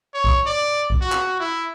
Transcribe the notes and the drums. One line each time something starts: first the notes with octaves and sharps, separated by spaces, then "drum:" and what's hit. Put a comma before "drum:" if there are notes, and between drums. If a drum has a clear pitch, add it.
C#5
drum: kick B1
D5
drum: kick B1
F#4
drum: clap
E4